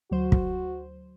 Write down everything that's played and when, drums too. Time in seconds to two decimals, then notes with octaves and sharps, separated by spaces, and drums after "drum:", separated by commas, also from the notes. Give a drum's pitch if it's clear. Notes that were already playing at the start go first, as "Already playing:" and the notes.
0.11 D2 F#3 F#4 C5
0.32 drum: kick